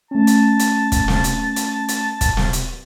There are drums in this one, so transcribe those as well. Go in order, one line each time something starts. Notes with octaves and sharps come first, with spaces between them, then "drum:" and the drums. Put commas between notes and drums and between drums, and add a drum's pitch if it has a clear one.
A3 C#4 A5
drum: hi-hat
drum: hi-hat
drum: kick, hi-hat
drum: snare
drum: hi-hat
drum: hi-hat
drum: hi-hat
drum: kick, hi-hat
drum: snare
drum: hi-hat